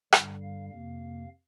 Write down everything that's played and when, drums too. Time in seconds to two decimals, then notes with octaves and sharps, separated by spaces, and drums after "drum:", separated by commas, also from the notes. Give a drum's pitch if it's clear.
0.12 G2 D3 G3, drum: rim click
0.42 F5
0.69 F2 C3 A#3 F5